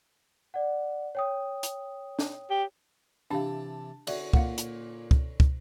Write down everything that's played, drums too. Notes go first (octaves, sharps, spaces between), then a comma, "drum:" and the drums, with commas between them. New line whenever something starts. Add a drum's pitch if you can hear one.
D5 F#5
C#5 G5 D#6
drum: hi-hat
drum: snare
G4
C3 E3 D4 G4 F5 A5
D3 C#4 F#4 C#5 D5 E5, drum: cymbal
A#2 F5 F#5, drum: kick
drum: hi-hat
drum: kick
drum: kick